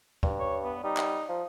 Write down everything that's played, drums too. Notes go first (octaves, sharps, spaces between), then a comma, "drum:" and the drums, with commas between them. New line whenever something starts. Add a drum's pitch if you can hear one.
G2, drum: kick
C#5
B3
G3 D#4
drum: clap
F3